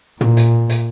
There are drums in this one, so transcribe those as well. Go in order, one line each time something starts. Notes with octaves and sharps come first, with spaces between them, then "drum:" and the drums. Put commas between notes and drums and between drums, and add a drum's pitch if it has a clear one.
A#2, drum: tom
drum: hi-hat
drum: hi-hat